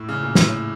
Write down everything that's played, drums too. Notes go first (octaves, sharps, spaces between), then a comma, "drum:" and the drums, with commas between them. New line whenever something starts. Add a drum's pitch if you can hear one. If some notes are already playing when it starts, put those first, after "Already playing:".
Already playing: A2
C#3
A#2
A2, drum: snare